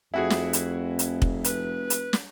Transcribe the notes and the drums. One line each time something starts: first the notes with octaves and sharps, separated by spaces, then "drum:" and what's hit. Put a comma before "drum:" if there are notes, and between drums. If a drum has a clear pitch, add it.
F1 F2 E4 F#4 G#4
drum: snare
drum: hi-hat
drum: hi-hat
drum: kick
B4, drum: hi-hat
drum: hi-hat
drum: snare